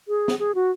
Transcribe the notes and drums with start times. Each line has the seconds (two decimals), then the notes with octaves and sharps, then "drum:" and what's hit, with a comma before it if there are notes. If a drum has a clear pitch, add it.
0.08 G#4
0.28 drum: snare
0.39 G#4
0.55 F#4